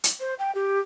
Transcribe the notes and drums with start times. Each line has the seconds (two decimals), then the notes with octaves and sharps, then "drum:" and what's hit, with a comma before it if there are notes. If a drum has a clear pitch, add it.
0.04 drum: hi-hat
0.20 C5
0.39 G5
0.55 G4